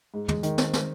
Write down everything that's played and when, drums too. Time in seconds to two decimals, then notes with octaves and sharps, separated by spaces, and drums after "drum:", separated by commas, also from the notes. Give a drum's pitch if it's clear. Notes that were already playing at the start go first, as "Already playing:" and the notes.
0.14 G#2
0.28 G#3, drum: tom
0.43 D#3, drum: hi-hat
0.58 C4, drum: snare
0.73 drum: snare